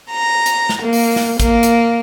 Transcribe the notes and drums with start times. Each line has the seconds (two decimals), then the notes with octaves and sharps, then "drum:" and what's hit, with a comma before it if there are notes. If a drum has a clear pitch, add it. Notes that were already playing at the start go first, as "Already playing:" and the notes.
0.11 A#5
0.46 drum: hi-hat
0.69 drum: snare
0.82 A#3
0.93 drum: open hi-hat
1.16 drum: snare
1.40 A#3, drum: kick, hi-hat
1.63 drum: hi-hat